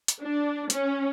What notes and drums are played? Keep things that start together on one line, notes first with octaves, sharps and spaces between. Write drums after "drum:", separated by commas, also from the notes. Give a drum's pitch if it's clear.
drum: hi-hat
D4
C#4, drum: hi-hat